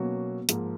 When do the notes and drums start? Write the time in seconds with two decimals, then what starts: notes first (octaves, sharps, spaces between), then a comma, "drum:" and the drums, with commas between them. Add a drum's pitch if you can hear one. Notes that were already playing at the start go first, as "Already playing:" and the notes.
Already playing: B2 F#3 A#3 C#4 F#4
0.49 G#2 F3 A#3, drum: hi-hat